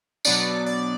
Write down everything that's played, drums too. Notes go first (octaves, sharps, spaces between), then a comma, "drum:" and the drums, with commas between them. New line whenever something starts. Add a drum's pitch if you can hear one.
B2 F#3 B3 D4 D5, drum: tambourine
D5